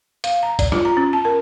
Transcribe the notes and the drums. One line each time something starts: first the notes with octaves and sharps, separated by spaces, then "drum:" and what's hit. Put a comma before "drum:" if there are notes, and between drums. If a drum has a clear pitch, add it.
F5, drum: hi-hat
A#5
D5, drum: kick G#1, hi-hat
F4, drum: snare
A#5
C#4
A5
A#4